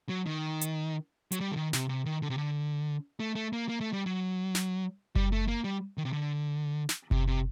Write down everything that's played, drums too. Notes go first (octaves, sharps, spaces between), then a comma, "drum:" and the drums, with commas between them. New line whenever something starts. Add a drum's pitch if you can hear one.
F#3
D#3
drum: hi-hat
F#3, drum: hi-hat
G3
D3
D#3
C3, drum: snare
C3
D#3
D3
C3
D3
A3
A3
A#3
A#3
A3
G3
F#3
drum: snare
G3, drum: kick F#1
A3
A#3
G3
D#3
C3
D3
drum: snare
C3, drum: kick F#1
C3